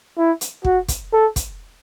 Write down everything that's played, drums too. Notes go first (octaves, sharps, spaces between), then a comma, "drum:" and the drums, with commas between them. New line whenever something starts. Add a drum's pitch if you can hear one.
E4
drum: hi-hat
F#4, drum: kick
drum: kick, hi-hat
A4
drum: kick, hi-hat